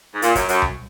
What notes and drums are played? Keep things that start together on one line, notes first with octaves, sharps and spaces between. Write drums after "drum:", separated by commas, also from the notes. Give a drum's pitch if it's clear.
G#2
A#2, drum: hi-hat
F#2, drum: kick, hi-hat
F#2, drum: hi-hat
drum: tom C2